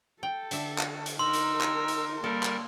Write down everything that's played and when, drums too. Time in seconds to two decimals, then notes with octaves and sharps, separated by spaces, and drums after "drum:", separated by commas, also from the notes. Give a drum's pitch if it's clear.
0.23 A4 G5
0.51 D3 E5, drum: hi-hat
0.79 drum: clap
1.06 drum: hi-hat
1.19 D#4 A#4 C6 E6
1.33 drum: hi-hat
1.61 drum: clap
1.88 drum: hi-hat
2.24 G3 A#3 A4 A#4
2.43 drum: clap